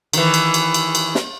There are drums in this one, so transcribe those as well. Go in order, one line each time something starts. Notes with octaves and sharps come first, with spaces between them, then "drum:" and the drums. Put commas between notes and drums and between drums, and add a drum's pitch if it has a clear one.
D#3 E3, drum: cymbal
drum: cymbal
drum: cymbal
drum: cymbal
drum: cymbal
drum: snare